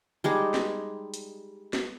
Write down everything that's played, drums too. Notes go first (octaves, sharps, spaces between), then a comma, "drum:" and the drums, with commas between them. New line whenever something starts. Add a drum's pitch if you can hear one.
G3 G#3 D#4
drum: snare
drum: hi-hat
drum: snare